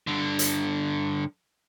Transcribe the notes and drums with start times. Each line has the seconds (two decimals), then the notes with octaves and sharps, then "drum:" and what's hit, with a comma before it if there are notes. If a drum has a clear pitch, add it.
0.07 G2 D3
0.39 drum: hi-hat